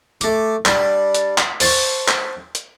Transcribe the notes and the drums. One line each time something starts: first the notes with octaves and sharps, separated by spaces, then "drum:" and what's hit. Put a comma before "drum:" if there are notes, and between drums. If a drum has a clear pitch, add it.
A3 D6, drum: hi-hat
G3 D4, drum: clap
drum: hi-hat
drum: clap
C5 A5 C6 C#6, drum: open hi-hat
drum: clap
drum: hi-hat